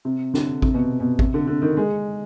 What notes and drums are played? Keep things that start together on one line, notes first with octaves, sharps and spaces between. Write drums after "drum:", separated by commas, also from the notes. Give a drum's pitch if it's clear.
C3
D3, drum: snare
C3, drum: kick G#1
B2
B2
C3, drum: kick G#1
D3
D3
D#3
G#3